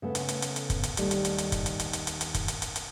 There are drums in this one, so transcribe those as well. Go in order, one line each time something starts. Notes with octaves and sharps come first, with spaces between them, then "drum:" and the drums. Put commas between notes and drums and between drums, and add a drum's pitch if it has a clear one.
C#3 A3 B3
drum: hi-hat
drum: hi-hat
drum: hi-hat
drum: hi-hat
drum: kick, hi-hat
drum: hi-hat
D#2 D#3 G3 A3, drum: hi-hat
drum: hi-hat
drum: hi-hat
drum: hi-hat
drum: kick, hi-hat
drum: hi-hat
drum: hi-hat
drum: hi-hat
drum: hi-hat
drum: hi-hat
drum: kick, hi-hat
drum: hi-hat
drum: hi-hat
drum: hi-hat